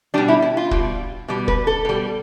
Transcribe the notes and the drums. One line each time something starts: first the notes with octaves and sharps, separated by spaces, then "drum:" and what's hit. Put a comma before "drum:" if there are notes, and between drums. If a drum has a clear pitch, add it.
B2 G3 D4
E4
E4
F4
B2 G3, drum: kick
B2 G3
B4, drum: kick
A4
B2 G3